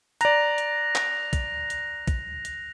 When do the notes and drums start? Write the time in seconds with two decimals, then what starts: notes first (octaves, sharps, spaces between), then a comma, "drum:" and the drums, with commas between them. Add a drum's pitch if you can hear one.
0.21 D5 A#5 F#6 A#6 F7, drum: hi-hat
0.58 drum: hi-hat
0.95 drum: clap
1.33 drum: kick, hi-hat
1.70 drum: hi-hat
2.08 drum: kick, hi-hat
2.45 drum: hi-hat